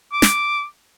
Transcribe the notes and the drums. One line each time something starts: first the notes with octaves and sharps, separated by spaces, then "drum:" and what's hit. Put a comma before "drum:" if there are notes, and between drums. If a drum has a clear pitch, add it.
D6
drum: snare